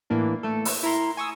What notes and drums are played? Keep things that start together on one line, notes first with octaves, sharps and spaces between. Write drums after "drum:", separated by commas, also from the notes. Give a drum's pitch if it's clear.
A2 E3 A#3 D4
A3 A4
E6, drum: open hi-hat
E4 A#4 A#5 C6
G#5 C#6 D#6 E6